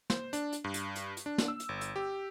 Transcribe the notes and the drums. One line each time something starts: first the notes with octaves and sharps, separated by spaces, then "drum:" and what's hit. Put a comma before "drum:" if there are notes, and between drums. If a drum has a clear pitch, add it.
C5, drum: snare
D4, drum: hi-hat
drum: hi-hat
G2
drum: hi-hat
drum: hi-hat
drum: hi-hat
D4
drum: snare
E6
drum: hi-hat
G1
drum: hi-hat
G4